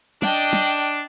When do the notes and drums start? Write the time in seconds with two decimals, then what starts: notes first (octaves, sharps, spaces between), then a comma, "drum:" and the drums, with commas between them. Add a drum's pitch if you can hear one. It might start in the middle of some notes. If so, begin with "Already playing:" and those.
0.22 D4 D#5 G5, drum: snare
0.38 drum: hi-hat
0.53 drum: snare
0.68 drum: hi-hat